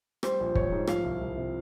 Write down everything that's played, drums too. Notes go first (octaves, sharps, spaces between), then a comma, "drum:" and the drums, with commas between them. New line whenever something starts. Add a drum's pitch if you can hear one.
G3 C5, drum: rim click
A#1
A#1 C#5, drum: kick
G#2
F3 F5, drum: rim click
C2
C2
C3